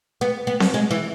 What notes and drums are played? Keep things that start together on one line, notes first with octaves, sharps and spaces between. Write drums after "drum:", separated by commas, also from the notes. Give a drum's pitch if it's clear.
B3
B3
drum: snare C4
G#3
E3